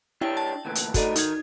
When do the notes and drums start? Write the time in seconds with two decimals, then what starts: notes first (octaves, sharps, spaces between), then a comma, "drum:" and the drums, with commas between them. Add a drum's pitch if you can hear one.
0.21 D4 E4 G4 C#5 G5
0.37 A5
0.65 D2 A#2 E3
0.75 drum: hi-hat
0.94 A2 D#4 F#4 A4 D5, drum: kick, hi-hat
1.16 D#3 D#4 G#6, drum: hi-hat